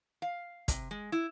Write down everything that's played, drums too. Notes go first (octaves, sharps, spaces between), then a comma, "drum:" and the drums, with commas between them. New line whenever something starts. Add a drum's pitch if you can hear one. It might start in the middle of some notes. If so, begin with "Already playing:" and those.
F5
C3, drum: kick, hi-hat
G#3
E4